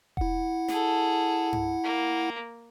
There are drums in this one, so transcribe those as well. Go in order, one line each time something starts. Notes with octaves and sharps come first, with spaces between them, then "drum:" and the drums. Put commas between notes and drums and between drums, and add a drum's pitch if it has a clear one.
E4 F#5, drum: kick E1
G#4 A4, drum: snare
drum: tom G2
A#3